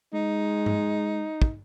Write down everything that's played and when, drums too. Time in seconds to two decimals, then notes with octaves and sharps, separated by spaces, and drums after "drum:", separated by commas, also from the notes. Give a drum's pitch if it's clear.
0.14 G#3 D#4
0.66 drum: tom G#2
1.42 drum: kick